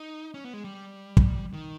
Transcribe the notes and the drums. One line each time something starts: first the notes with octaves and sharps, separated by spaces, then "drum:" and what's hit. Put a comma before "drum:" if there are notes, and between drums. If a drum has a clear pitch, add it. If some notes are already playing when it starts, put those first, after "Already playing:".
Already playing: D#4
C#4
B3
G#3
G3
drum: kick
D#3